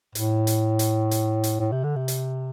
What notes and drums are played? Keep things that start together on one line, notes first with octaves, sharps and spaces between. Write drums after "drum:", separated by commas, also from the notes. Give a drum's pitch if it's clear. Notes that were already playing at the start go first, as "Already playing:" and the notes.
A2, drum: hi-hat
drum: hi-hat
drum: hi-hat
drum: hi-hat
drum: hi-hat
A2
C3
D3
C3
drum: hi-hat